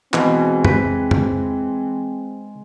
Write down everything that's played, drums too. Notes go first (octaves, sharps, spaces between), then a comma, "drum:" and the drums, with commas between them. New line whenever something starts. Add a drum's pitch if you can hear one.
B2 E3 G#3 C4, drum: clap
B4, drum: tom F2
drum: tom F2